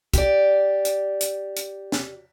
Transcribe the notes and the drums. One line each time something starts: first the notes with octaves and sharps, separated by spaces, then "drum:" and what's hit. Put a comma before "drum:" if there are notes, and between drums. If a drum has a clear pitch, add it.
G4 D5, drum: kick, hi-hat
drum: hi-hat
drum: hi-hat
drum: hi-hat
drum: snare